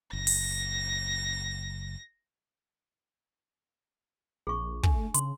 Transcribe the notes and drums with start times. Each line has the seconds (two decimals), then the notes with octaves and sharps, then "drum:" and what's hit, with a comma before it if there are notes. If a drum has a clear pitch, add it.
0.13 F#1 A#6
0.27 drum: open hi-hat
4.47 A#1 G#4 C#6
4.83 A3 D4, drum: kick
5.14 C#3 C6, drum: hi-hat